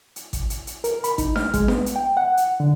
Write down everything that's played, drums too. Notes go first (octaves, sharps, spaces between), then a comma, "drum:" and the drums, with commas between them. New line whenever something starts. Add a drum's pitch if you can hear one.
drum: hi-hat
drum: kick G#1, hi-hat
drum: hi-hat
drum: hi-hat
A#4, drum: hi-hat
B5, drum: hi-hat
D#4, drum: kick G#1, hi-hat
F6, drum: snare D4
G#3, drum: kick G#1, hi-hat
B3, drum: snare D4
drum: hi-hat
G5
F#5
drum: hi-hat
D3